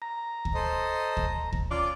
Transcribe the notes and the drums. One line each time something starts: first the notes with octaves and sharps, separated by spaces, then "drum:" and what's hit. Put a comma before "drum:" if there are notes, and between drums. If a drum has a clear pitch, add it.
A#5
drum: kick
A4 C5 D#5
drum: kick
drum: kick
C#4 F4 D5